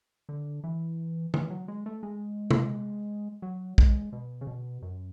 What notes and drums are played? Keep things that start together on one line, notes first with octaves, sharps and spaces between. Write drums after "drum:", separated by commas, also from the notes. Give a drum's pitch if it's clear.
D3
E3
E3, drum: tom D3
F#3
G#3
A3
G#3
drum: tom C3
F#3
G#3, drum: kick
B2
C#3
B2
F#2